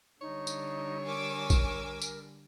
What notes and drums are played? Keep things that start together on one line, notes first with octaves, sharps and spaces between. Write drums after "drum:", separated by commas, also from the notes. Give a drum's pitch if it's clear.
D3 G3 D#4 C#5
drum: tambourine
A#4 G#5 D6 E6
drum: kick A#1, tambourine
drum: tambourine